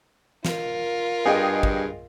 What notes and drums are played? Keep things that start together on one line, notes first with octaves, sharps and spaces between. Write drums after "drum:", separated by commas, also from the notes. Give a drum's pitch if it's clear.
F4 A#4, drum: snare
G2 G#4 D#5 G5
drum: kick